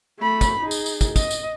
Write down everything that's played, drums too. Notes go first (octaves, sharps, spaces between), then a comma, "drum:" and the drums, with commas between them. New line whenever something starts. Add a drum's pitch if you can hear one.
A3 B5
drum: kick, tambourine
D#4 G#4
drum: tambourine
drum: tambourine
drum: kick, tambourine
D#5, drum: kick, tambourine
drum: tambourine